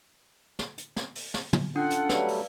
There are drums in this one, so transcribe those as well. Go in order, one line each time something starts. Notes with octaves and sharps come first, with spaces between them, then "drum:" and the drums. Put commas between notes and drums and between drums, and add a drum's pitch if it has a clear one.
drum: snare
drum: hi-hat
drum: snare
drum: open hi-hat
drum: snare
drum: tom
C#4 D4 F4 A4 F#5 F#6 C#7
drum: hi-hat
F#3 G3 A3 B4 D5 F5 A5, drum: snare
drum: open hi-hat